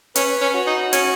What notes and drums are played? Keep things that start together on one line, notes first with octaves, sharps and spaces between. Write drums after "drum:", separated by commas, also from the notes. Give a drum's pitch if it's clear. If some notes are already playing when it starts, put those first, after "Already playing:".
C#4 B4, drum: hi-hat
C#4
F#4
D#4
C#4, drum: hi-hat